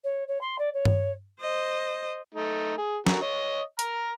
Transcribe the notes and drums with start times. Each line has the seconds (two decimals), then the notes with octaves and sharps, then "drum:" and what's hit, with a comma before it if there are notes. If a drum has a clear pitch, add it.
0.04 C#5
0.28 C#5
0.41 C6
0.58 D5
0.73 C#5
0.85 drum: tom G2
1.41 C5 D#5
2.34 A3 D#4
2.78 G#4
3.06 D3 F#4 A#4, drum: snare
3.22 C#5 D#5
3.79 A#5 F6, drum: hi-hat